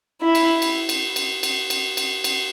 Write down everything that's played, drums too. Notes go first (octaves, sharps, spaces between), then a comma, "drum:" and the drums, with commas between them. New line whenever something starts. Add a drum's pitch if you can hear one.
E4
drum: cymbal
drum: cymbal
drum: cymbal
drum: cymbal
drum: cymbal
drum: cymbal
drum: cymbal
drum: cymbal